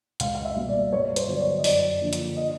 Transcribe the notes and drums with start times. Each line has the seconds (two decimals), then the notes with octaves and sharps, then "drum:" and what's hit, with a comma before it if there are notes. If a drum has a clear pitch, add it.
0.20 C#2 F5, drum: hi-hat
0.35 F5
0.45 E5
0.56 B2 G3 A#3
0.69 D5
0.93 G2 C#5
1.16 C5, drum: hi-hat
1.28 D3 F#3 B3
1.35 D5
1.41 C#5
1.59 D#5
1.64 F#2 D5, drum: open hi-hat
2.01 D3 F3 A#3 D4
2.13 drum: hi-hat
2.37 D#5